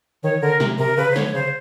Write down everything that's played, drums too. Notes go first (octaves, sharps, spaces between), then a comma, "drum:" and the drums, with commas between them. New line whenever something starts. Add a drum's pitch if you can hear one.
D#3 C#5
D3 A#4
C3, drum: snare
C3 A#4
C#3 B4
C5
D3 C#5, drum: snare
C#3 C5